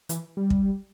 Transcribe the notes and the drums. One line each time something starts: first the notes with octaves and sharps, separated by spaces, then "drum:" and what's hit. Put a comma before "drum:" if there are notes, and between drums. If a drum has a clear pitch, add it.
E3, drum: hi-hat
G3
drum: kick